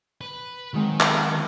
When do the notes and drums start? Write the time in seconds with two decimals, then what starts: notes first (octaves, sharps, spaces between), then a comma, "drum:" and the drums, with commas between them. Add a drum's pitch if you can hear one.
0.21 B4
0.74 D#3 F#3 G#3 C4
1.00 drum: clap